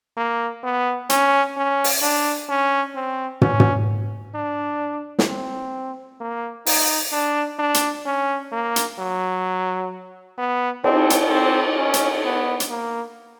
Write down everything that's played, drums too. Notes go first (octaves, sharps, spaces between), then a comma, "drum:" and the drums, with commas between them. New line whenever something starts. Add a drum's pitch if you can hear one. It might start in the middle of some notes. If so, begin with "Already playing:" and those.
A#3
B3
C#4, drum: hi-hat
C#4
drum: open hi-hat
D4
C#4
C4
C#4, drum: tom
drum: tom
D4
drum: snare
C4
A#3
D#4, drum: open hi-hat
D4
D4
drum: hi-hat
C#4
A#3
drum: hi-hat
F#3
B3
C4, drum: cymbal
drum: hi-hat
C4
C#4
drum: hi-hat
B3
drum: hi-hat
A#3